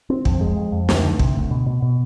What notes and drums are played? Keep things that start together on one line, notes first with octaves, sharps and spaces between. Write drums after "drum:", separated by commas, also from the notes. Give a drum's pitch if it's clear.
C4
F2, drum: kick
G#3
F2
F2
D2, drum: snare
D2
C3, drum: kick
D2
B2
B2
B2